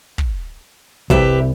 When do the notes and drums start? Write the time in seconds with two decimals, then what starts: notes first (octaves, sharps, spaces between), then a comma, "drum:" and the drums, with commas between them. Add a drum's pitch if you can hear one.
0.18 drum: kick
1.10 C2 G4 B4 E5, drum: kick